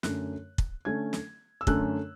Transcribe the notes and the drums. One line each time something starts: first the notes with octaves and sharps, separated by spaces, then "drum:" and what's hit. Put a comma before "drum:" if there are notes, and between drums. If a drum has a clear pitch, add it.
F#2 D3 A3 C#4 F#6, drum: snare
drum: kick
D3 A3 C#4 G#6
drum: snare
E6
F#2 D3 A3 C#4 F#6, drum: kick